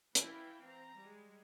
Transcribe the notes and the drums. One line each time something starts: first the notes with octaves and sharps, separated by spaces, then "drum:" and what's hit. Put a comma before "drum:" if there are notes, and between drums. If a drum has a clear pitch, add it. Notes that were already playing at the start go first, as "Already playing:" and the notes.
E3 E4 F5 G5, drum: hi-hat
C4 A#5
G3 G#3